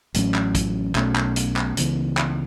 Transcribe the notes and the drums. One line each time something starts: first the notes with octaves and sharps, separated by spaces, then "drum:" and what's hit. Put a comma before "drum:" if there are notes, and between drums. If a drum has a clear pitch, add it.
A1 A2 F#3 C#4, drum: hi-hat
drum: clap
drum: kick, hi-hat
B1 B2 A3 C#4, drum: clap
drum: clap
drum: hi-hat
drum: clap
C#2 C#3 E3 B3, drum: hi-hat
drum: clap